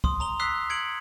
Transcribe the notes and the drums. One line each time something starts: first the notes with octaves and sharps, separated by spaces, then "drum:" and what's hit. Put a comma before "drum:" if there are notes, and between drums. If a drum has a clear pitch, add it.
C6 D#6, drum: kick
A#5 F7 G7
D#6 E6 F#6 B6 C7 G7
G#6 C#7 D7 F#7